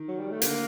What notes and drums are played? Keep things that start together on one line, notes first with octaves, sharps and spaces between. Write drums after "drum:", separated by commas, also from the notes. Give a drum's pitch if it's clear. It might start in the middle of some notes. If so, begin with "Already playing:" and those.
Already playing: D#3
F#3
G3
A3
D3 A#3, drum: hi-hat